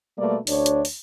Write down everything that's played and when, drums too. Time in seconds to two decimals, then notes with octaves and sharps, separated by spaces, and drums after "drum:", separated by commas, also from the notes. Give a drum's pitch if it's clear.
0.18 B2 G3 A3 A#3 B4 D5
0.47 D2 D4 C#5, drum: open hi-hat
0.66 drum: hi-hat
0.85 drum: open hi-hat